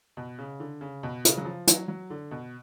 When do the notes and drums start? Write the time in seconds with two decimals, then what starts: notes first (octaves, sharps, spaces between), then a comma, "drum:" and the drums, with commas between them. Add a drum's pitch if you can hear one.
0.17 B2
0.38 C#3
0.60 D3
0.81 C#3
1.03 B2
1.25 C#3, drum: hi-hat
1.37 F#3
1.45 F3
1.67 F#3, drum: hi-hat
1.88 F#3
2.10 D3
2.31 B2